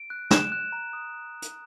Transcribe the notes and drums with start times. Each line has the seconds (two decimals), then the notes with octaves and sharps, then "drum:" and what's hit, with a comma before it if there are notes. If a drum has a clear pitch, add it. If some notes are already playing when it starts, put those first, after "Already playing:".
Already playing: D7
0.10 F#6
0.31 F#6 E7, drum: snare
0.52 F#6
0.72 A#5
0.93 D#6
1.42 drum: hi-hat